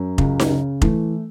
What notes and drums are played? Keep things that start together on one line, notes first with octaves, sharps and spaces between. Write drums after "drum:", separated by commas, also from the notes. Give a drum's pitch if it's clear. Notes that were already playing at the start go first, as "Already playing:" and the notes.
Already playing: F#2
C#2, drum: kick F1
drum: snare D#4
C#3
E3 A3, drum: kick F1